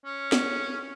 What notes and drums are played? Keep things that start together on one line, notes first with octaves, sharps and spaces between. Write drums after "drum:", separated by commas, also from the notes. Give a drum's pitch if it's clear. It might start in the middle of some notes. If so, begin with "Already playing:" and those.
C#4
drum: snare